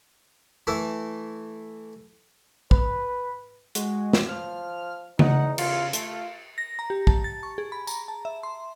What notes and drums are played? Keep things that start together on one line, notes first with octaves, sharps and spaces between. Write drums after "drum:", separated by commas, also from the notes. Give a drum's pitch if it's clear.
E3 A3 E4
B4, drum: kick
G#3 F#4, drum: hi-hat
drum: snare
F3 F6
E2 D#4 F#5, drum: tom C#3
C#3 F4, drum: cymbal
A3 F4, drum: hi-hat
A#6
A#5
G4
A5, drum: kick
A6
C#6
G#4
B5
A#5, drum: tambourine
A5
E5
C6